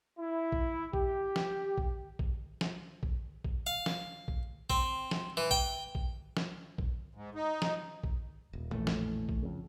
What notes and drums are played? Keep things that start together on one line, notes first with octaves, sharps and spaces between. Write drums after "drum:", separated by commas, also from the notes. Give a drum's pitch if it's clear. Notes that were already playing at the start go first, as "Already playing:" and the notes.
E4
drum: kick A#1
G4, drum: kick A#1
drum: snare
drum: kick A#1
drum: kick A#1
drum: snare
drum: kick A#1
drum: kick A#1
F5
drum: snare
drum: kick A#1
C4, drum: kick A#1
drum: snare
E3
G5, drum: kick A#1
drum: kick A#1
drum: snare
drum: kick A#1
G#2
D#4
drum: snare
drum: kick A#1
D#1
A#1 F2 A2 E3 A3
drum: snare
drum: kick A#1
F2 C#3